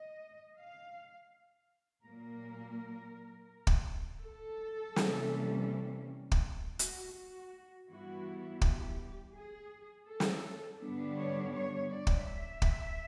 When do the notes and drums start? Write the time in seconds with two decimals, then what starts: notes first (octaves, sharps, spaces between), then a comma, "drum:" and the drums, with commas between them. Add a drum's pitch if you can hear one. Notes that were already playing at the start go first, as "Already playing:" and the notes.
Already playing: D#5
0.58 F5
2.04 A#2 F#3 A#3 A#4
3.67 drum: kick
4.23 A4
4.96 C3 E3 G3 A#3 C#4, drum: snare
6.32 drum: kick
6.79 F#4, drum: hi-hat
7.15 F#4
7.88 G2 E3 G3 B3 E4 F#4
8.62 G4, drum: kick
9.34 G#4
10.07 A4
10.20 drum: snare
10.80 G2 D3 G3 B3 D4
11.17 C#5
11.53 C#5
11.90 D5
12.07 drum: kick
12.25 E5
12.62 drum: kick